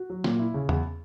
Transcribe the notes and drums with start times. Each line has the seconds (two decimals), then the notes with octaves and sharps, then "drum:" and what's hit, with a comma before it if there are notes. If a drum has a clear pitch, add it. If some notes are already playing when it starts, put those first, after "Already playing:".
Already playing: F#4
0.10 F#3
0.24 A#2, drum: snare
0.39 E4
0.54 C#3
0.69 E2, drum: tom E2